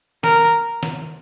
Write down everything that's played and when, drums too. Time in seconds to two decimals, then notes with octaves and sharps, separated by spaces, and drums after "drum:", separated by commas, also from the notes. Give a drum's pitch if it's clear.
0.24 A#4, drum: snare
0.83 drum: snare